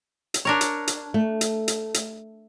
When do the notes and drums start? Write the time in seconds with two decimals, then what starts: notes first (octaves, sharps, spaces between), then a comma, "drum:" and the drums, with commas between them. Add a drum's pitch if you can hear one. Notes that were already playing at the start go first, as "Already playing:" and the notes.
0.34 drum: hi-hat
0.45 D4 A#4 C#5
0.61 drum: hi-hat
0.87 drum: hi-hat
1.14 A3
1.41 drum: hi-hat
1.68 drum: hi-hat
1.94 drum: hi-hat